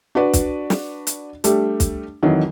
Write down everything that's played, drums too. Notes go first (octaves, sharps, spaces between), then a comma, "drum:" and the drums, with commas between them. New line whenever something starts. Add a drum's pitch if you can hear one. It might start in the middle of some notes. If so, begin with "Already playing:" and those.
D4 F#4 B4 D5
drum: kick, hi-hat
drum: snare
drum: hi-hat
G3 A3 D4 G4, drum: hi-hat
drum: kick, hi-hat
F2 D#3 E3 F#3